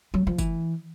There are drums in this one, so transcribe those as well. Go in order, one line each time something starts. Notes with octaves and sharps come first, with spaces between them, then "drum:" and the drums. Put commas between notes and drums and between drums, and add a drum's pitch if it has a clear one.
F#3
F3
E3, drum: kick, tambourine